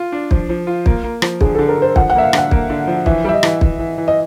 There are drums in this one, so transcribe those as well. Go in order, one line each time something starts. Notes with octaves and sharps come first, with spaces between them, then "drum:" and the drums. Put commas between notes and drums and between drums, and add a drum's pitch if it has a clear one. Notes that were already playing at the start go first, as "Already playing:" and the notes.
Already playing: F4
D4
F3, drum: kick
F3
F4
A#3, drum: kick
A#3
F3, drum: rim click
D3 G#4, drum: kick
D3 A4
A#4
D3 C5
F3 F#5, drum: kick
F#5
A#3 E5
F5
D3 F#5, drum: rim click
A#3, drum: kick
D3
F3
E3 E5, drum: kick
G3 E5
D#5
E3, drum: rim click
E3, drum: kick
E3
E3
D#5